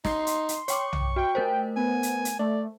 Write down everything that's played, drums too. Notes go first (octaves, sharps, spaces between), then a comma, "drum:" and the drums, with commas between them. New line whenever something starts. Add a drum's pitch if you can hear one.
D#4 C6, drum: snare
drum: hi-hat
drum: hi-hat
C#5 G5 C#6 D6, drum: hi-hat
drum: tom
F#4 G5
A3 A#4 C5
B3 G#5
drum: hi-hat
drum: hi-hat
A3 D5